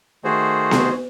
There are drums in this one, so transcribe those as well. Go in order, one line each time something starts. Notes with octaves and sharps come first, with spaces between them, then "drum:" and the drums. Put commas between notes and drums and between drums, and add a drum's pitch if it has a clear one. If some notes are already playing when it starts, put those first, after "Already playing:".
D#3 A3 F#4 G#4 C5
drum: snare B3